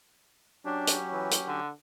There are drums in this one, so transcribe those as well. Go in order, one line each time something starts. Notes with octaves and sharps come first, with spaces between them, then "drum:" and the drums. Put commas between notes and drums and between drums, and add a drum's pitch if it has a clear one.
F#3 C#4 D4 G4
drum: hi-hat
E3
drum: hi-hat
D3